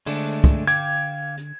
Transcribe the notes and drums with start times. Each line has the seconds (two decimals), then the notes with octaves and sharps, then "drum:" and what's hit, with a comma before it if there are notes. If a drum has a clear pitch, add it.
0.06 D3 G#3 A3 D4, drum: cymbal
0.44 drum: kick
0.67 F5 G5 D6 G#6, drum: hi-hat
1.37 drum: hi-hat